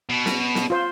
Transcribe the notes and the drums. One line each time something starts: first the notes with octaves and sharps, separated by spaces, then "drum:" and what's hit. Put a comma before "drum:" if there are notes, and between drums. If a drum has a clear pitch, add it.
B2
drum: snare
drum: snare
F4 C5